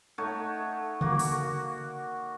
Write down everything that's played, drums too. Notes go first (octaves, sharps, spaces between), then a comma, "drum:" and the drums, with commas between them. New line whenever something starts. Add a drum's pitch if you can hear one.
A3 D#4 C#5 F#5
A#3 F#4, drum: tom C#3
drum: open hi-hat